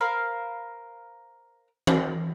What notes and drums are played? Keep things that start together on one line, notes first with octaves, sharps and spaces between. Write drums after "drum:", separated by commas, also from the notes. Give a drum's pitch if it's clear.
A#4 C5 F5 B5
drum: tom